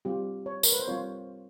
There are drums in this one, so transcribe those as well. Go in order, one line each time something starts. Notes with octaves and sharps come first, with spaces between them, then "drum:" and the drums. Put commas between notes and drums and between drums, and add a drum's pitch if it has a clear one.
G3 C4 F4 G4
C#5
A#4, drum: tambourine
B4
C5
G3 C4 F4 C#5